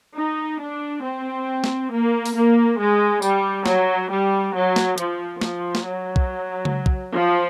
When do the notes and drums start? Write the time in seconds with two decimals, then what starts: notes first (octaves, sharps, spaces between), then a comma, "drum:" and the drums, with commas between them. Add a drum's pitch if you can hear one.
0.15 D#4
0.59 D4
1.02 C4
1.64 drum: snare
1.91 A#3
2.26 drum: open hi-hat
2.35 A#3
2.78 G#3
3.22 G3, drum: tambourine
3.66 F#3, drum: snare
4.09 G3
4.54 F#3
4.76 drum: snare
4.98 F3, drum: hi-hat
5.41 F3, drum: snare
5.75 drum: snare
5.86 F#3
6.16 drum: kick
6.65 drum: tom C#3
6.86 drum: kick
7.16 F3